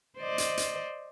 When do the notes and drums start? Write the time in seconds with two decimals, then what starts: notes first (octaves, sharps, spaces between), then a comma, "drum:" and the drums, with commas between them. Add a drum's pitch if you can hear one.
0.19 C5 D5 D#5
0.38 drum: hi-hat
0.57 drum: hi-hat